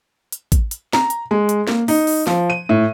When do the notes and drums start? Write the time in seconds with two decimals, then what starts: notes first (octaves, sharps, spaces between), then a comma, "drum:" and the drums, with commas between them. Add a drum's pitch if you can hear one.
0.32 drum: hi-hat
0.52 drum: kick A1, hi-hat
0.71 drum: hi-hat
0.93 A#5, drum: snare
1.10 drum: hi-hat
1.31 G#3
1.49 drum: hi-hat
1.67 A#3, drum: snare
1.88 D#4, drum: open hi-hat
2.07 drum: open hi-hat
2.27 F3, drum: snare
2.50 D#7
2.69 A2